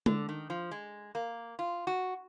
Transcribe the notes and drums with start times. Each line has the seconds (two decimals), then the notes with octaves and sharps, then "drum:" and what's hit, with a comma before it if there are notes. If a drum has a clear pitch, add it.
0.06 D3, drum: tom G#3
0.29 D#3
0.50 F3
0.71 G#3
1.15 A#3
1.59 F4
1.87 F#4